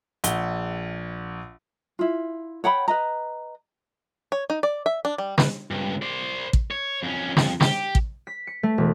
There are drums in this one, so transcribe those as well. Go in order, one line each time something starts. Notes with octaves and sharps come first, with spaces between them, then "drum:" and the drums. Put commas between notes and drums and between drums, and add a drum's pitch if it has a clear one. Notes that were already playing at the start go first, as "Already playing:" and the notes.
A#1 F#5 G7, drum: hi-hat
E4 F4
C#5 F#5 G5 B5
B4 D#5 A#5
C#5
D#4
D5
E5
D4
G3
B4, drum: snare
C#2 G2
C5 D5
drum: kick
C#5
F2 C#4
F2, drum: snare
G4, drum: snare
drum: kick
B6
C#7
A3
E1